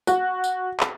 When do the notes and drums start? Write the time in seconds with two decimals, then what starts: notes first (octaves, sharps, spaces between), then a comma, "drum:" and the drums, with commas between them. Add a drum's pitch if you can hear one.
0.07 F#4, drum: tambourine
0.44 drum: tambourine
0.80 drum: clap